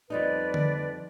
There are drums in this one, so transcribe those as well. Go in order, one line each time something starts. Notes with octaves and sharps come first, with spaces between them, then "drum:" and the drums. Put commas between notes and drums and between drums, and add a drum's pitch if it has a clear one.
F2 G3 D#4 B4 D5
drum: tom D3